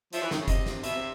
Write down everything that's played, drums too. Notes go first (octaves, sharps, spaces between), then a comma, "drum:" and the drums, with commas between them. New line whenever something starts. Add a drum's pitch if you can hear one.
F3 E5, drum: hi-hat
E3
D#3, drum: snare
C#3
C3 D#5, drum: kick F1, hi-hat
drum: snare
B2 E5, drum: hi-hat
C3